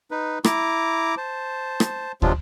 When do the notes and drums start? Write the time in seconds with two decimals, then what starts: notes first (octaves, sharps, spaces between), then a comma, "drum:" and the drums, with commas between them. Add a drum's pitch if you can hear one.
0.11 D#4 B4
0.44 E4 A#5 D6, drum: rim click
1.17 C5 A5
1.80 drum: rim click
2.22 C3 F3 F#3 G#3 D4 F4, drum: kick